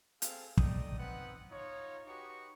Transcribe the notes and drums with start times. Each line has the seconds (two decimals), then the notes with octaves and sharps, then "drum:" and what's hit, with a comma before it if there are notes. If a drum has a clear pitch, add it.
0.22 C4 G#4 A4 F5, drum: hi-hat
0.57 A3 D#4 D5 G5 D#6, drum: kick
0.98 B3 C4 D#4 B4 F#5
1.51 D#4 F4 C#5
2.06 D#4 F#4 G4 B4 C#6